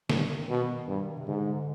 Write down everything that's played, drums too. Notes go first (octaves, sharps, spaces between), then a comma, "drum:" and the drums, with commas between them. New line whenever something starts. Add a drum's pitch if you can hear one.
G2 D#3, drum: snare
B2
G2
C3
G#2 D3